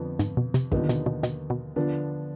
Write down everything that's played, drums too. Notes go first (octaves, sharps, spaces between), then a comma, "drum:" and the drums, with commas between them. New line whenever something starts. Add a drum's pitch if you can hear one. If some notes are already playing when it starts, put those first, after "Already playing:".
Already playing: F2 D3 F3 B3
G#2, drum: hi-hat
B2
C3, drum: hi-hat
D#2 G#2 D3 F3 B3 D#4, drum: kick
B2, drum: hi-hat
B2
B2, drum: hi-hat
B2
D3 F3 B3 D4